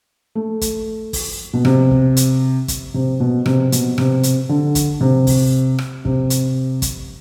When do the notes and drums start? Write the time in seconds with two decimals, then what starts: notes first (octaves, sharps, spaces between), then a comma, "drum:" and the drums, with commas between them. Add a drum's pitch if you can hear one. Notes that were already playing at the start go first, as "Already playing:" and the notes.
0.35 A3
0.61 drum: kick, hi-hat
1.13 drum: kick, open hi-hat
1.53 B2
1.65 C3, drum: rim click
1.91 drum: kick
2.17 drum: hi-hat
2.68 drum: kick, hi-hat
2.94 C3
3.20 B2
3.46 C3, drum: rim click
3.72 B2, drum: hi-hat
3.98 C3, drum: rim click
4.23 drum: hi-hat
4.49 D3
4.75 drum: kick, hi-hat
5.01 C3
5.27 drum: kick, open hi-hat
5.78 drum: rim click
6.05 C3, drum: kick
6.30 drum: hi-hat
6.82 drum: kick, hi-hat